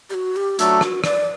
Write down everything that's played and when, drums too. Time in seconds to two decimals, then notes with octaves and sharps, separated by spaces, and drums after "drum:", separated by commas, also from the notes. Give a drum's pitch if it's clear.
0.10 G4
0.14 F#4
0.36 G4
0.59 F#3 A3 D4 F#4 A4, drum: hi-hat
0.81 F#4, drum: rim click
1.04 D5, drum: rim click